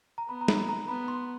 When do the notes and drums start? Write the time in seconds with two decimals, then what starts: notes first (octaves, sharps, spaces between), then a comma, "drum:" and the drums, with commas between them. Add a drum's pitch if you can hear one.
0.18 A#5
0.28 B3 B5
0.41 A#5
0.48 B5, drum: snare
0.69 A#5
0.88 B3 B5
1.08 C6